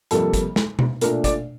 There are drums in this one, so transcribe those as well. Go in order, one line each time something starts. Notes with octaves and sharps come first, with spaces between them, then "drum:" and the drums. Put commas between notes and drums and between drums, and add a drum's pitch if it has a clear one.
F2 C3 G3 A#3 A4, drum: hi-hat
drum: kick G1, hi-hat
drum: snare
drum: tom B2
A#2 A3 D4 A#4, drum: hi-hat
D5, drum: kick G1, hi-hat